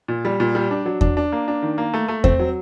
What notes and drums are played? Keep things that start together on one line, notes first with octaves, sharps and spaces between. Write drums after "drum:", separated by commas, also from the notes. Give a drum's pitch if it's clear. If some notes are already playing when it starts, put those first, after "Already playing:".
A#2
G3
A#2
G3
D4
F#3
D4, drum: kick E2
D4
A#3
D4
D#3
A#3
A3
A3
C4, drum: kick E2
F#3